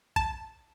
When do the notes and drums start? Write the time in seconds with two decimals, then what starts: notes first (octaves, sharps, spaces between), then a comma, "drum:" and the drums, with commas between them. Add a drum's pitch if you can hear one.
0.16 A5, drum: kick A#1